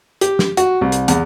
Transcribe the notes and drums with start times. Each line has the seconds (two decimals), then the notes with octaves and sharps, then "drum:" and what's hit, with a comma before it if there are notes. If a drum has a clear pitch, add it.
0.21 G4, drum: hi-hat
0.39 drum: snare
0.57 F#4, drum: hi-hat
0.81 C2
0.92 drum: hi-hat
1.08 E2, drum: hi-hat